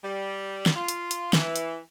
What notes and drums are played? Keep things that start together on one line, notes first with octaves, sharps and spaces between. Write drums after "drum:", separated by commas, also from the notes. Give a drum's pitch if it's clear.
G3
drum: snare
F4
drum: hi-hat
drum: hi-hat
E3, drum: snare
drum: hi-hat